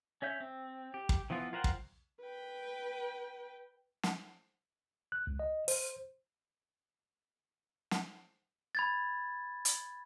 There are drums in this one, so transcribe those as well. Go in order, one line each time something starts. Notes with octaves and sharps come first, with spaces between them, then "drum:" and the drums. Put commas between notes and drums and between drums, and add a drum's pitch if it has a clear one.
C#4 C#5 E5 G6
C4
G4
drum: kick
E3 F3 B3 F4
F4 A#4 C5 F#5 G5
drum: kick
B4 G5
drum: snare
F#6
C#2
D#5
C5, drum: open hi-hat
drum: snare
B5 G#6 A6
drum: hi-hat